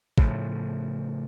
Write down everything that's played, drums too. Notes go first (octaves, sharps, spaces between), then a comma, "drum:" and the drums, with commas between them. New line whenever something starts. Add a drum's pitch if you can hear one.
A2 C#3 F3, drum: kick G#1